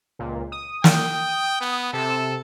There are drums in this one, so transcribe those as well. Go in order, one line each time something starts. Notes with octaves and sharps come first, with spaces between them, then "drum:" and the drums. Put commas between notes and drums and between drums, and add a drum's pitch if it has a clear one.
C#2 A#2
D#6
G5, drum: snare
B3
C3 A4 E6